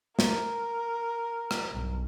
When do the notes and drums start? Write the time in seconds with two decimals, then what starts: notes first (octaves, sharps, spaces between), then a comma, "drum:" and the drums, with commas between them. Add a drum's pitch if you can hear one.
0.19 A#4, drum: snare
1.51 drum: rim click
1.70 B1 G2